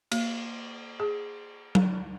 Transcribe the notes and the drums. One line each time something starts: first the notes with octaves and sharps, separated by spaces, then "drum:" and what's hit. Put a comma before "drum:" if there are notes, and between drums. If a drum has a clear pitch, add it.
A#3, drum: cymbal
G#4
drum: tom F#3